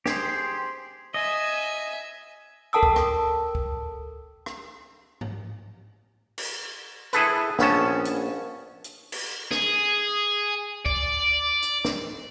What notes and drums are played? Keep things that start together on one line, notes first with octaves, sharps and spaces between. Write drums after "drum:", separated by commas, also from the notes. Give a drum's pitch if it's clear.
G4 G#4 C5, drum: snare
D#5 E5 G#5
A4 A#4 G5 A5 D#6 E6
drum: kick
drum: rim click
drum: kick
drum: rim click
drum: tom G#2
drum: cymbal
E4 G#4 A4 B4, drum: hi-hat
A#1 B3 C#4 A5, drum: snare
drum: hi-hat
drum: hi-hat
drum: cymbal
G#4, drum: snare
D5, drum: kick
drum: hi-hat
drum: snare